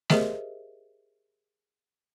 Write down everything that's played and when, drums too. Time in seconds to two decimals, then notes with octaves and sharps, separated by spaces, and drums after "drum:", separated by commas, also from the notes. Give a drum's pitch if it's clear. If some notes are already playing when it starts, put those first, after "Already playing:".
0.10 G4 G#4 A#4 C5 D#5 E5, drum: snare A3